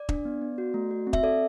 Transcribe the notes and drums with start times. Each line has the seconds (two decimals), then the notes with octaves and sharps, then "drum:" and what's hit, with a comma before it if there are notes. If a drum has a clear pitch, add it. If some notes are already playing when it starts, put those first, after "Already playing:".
Already playing: D5
0.09 D4, drum: kick E1
0.25 B3
0.41 B3
0.58 F#4
0.74 A3
0.91 F#4
1.07 C4
1.13 E5, drum: kick E1
1.23 A4 D5